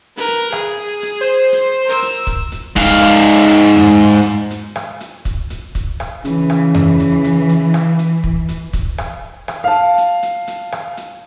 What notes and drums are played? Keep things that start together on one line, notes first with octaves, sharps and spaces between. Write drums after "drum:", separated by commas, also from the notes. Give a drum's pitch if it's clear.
A#4 B4
drum: hi-hat
G#4, drum: rim click
drum: hi-hat
C5
drum: hi-hat
A#4 E6
drum: hi-hat
drum: kick, hi-hat
drum: hi-hat
G#2 F5, drum: kick, hi-hat
drum: rim click
drum: hi-hat
drum: rim click
drum: tom E2
drum: hi-hat
drum: hi-hat
drum: hi-hat
drum: rim click
drum: hi-hat
drum: kick, hi-hat
drum: hi-hat
drum: kick, hi-hat
drum: rim click
C#3 E3, drum: hi-hat
drum: rim click
drum: tom E2
drum: hi-hat
drum: hi-hat
drum: hi-hat
drum: rim click
drum: hi-hat
drum: kick
drum: hi-hat
drum: kick, hi-hat
drum: rim click
drum: rim click
F5 A5
drum: hi-hat
drum: hi-hat
drum: hi-hat
drum: rim click
drum: hi-hat